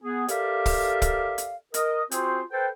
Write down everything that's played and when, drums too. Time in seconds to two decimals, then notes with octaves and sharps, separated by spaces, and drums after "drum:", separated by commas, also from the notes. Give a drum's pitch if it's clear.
0.03 B3 G#4
0.28 G4 A4 A#4 D5 E5 F5, drum: hi-hat
0.66 drum: kick, open hi-hat
1.02 drum: kick, hi-hat
1.38 drum: hi-hat
1.74 A#4 D#5, drum: hi-hat
2.11 C4 F4 F#4 G#4 C5, drum: hi-hat
2.51 A4 B4 C5 G5